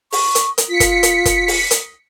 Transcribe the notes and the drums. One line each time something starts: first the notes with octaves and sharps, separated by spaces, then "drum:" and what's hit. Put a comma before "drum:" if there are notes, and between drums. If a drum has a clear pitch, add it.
C#6, drum: open hi-hat
drum: hi-hat
drum: hi-hat
F4 B6 C#7
drum: kick, hi-hat
drum: hi-hat
drum: kick, hi-hat
drum: open hi-hat
drum: hi-hat